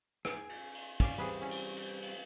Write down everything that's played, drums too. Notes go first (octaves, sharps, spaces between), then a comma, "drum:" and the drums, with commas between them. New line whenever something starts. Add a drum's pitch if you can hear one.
G#4, drum: rim click
drum: cymbal
drum: cymbal
C#4 D5 F5, drum: kick, cymbal
E3 G3 C4 G#4 B4
C#4
drum: cymbal
drum: cymbal
drum: cymbal